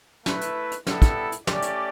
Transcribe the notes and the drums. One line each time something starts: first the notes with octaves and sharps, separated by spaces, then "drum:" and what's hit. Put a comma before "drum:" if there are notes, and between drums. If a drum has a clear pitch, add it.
A3 E4 B4, drum: snare
drum: hi-hat
drum: hi-hat
G3 B3 E4 A4, drum: snare
drum: kick, hi-hat
drum: hi-hat
A3 C#4 G4 D5, drum: snare
drum: hi-hat